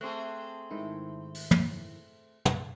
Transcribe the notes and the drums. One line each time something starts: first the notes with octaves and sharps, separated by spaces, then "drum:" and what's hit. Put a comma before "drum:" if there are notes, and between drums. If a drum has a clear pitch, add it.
A3 C4 G#4 C6 F#6
G#2 D#3 E4
drum: open hi-hat
drum: tom
drum: tom